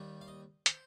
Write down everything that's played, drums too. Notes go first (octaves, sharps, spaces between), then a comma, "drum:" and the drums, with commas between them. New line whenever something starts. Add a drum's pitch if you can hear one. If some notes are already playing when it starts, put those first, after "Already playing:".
Already playing: D#2 D#3 G3
F5
D#5
C5, drum: hi-hat